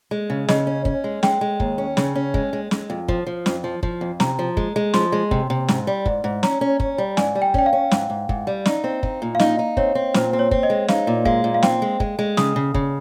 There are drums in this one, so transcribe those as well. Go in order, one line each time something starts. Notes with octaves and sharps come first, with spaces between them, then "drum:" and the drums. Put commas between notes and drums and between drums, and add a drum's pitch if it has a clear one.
G#3
C#3
C#3 D#5, drum: snare
C#4
C#4, drum: kick
G#3
G#3 G5, drum: snare
G#3
D#2, drum: kick
C#4
C#3, drum: snare
C#4
G#3, drum: kick
G#3
G#3, drum: snare
F2
F3, drum: kick
F3
F2, drum: snare
F3
F3, drum: kick
F2
C3 A#5, drum: snare
F3
G#3, drum: kick
G#3
F3 C6, drum: snare
G#3
C3, drum: kick
C3
G#2, drum: snare
G3
G#2, drum: kick
G#2
C#4 A#5, drum: snare
C#4
C#4, drum: kick
G3
G#2 G#5, drum: snare
G3
G5
C#4 G5, drum: kick
F5
C#4
G#2, drum: snare
G#2
G#2, drum: kick
G3
D#4, drum: snare
C4
D#4, drum: kick
A#2
F5
D#4 D#5, drum: snare
D#4
C4 C#5, drum: kick
C4
A#2 C5, drum: snare
C4
C#5
C4, drum: kick
D#5
G#3
D#4 F5, drum: snare
A#2
G#3 F5, drum: kick
A#2
F5
C4 G5, drum: snare
G#3
G#3, drum: kick
G#3
C#3 D#6, drum: snare
C#3
C#3, drum: kick